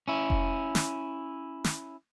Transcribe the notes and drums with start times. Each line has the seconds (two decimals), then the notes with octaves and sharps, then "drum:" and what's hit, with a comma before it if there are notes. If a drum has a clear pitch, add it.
0.08 C#4 E4
0.30 drum: kick F1
0.75 drum: snare
1.64 drum: snare